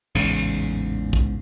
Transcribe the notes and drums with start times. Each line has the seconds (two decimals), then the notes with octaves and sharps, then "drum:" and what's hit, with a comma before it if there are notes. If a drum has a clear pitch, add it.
0.15 A1 E2 G#2 C#3, drum: cymbal
1.13 drum: kick